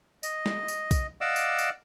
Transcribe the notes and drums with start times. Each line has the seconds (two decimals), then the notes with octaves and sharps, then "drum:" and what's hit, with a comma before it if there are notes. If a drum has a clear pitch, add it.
0.23 D#5, drum: tambourine
0.46 drum: snare
0.68 drum: tambourine
0.91 drum: kick B1, tambourine
1.21 D5 D#5 F5 F#5 D6 E6
1.36 drum: tambourine
1.59 drum: tambourine